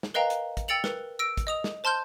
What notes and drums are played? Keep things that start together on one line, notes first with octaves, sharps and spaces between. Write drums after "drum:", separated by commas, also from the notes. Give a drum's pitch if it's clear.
drum: snare
A#4 B4 D#5 F5 G5 A#5
drum: hi-hat
drum: kick, hi-hat
G5 E6 A6 C#7 F7 F#7
A#4 B4, drum: snare
E6 A#6 D7
drum: kick, hi-hat
D#5 D#6 F7
drum: snare
C5 A5 C6 F6 G6